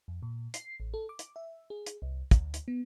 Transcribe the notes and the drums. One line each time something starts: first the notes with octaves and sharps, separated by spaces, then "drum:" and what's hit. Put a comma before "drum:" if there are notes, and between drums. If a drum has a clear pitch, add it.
F2
A#2
C7, drum: hi-hat
A1
A4
D6
drum: hi-hat
E5
G#4
drum: hi-hat
C2
D2, drum: kick, hi-hat
drum: hi-hat
B3